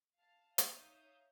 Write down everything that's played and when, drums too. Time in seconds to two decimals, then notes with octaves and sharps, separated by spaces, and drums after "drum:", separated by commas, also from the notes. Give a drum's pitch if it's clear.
0.17 F5 A5
0.58 D#4 C#5 E5 F5 D#6 G6, drum: hi-hat